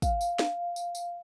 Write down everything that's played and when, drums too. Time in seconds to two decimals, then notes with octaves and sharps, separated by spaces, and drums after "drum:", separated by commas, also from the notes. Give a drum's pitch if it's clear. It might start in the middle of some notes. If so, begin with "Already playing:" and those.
0.02 F5, drum: kick, tambourine
0.21 drum: tambourine
0.39 drum: snare
0.76 drum: tambourine
0.95 drum: tambourine